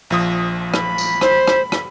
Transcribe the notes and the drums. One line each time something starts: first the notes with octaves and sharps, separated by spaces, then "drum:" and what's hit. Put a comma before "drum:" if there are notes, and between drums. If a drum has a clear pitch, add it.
A#1 F3 D#6
B5, drum: rim click
drum: tambourine
C5, drum: rim click
drum: rim click
drum: rim click